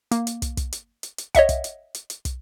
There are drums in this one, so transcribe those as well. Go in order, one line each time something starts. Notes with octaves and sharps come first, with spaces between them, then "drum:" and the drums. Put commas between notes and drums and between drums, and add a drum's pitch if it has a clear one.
A#3, drum: hi-hat
drum: hi-hat
drum: kick, hi-hat
drum: kick, hi-hat
drum: hi-hat
drum: hi-hat
drum: hi-hat
C#5 D#5 E5 F#5, drum: kick, hi-hat
drum: kick, hi-hat
drum: hi-hat
drum: hi-hat
drum: hi-hat
drum: kick, hi-hat